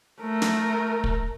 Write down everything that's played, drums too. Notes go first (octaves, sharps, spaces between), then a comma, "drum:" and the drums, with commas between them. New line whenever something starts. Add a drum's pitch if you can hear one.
A3 A#4
drum: snare
drum: kick